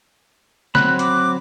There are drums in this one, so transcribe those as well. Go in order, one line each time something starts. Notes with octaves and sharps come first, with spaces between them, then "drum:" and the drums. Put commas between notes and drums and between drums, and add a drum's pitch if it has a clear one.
F#3 C4 B5 F#6, drum: snare D3
D6, drum: hi-hat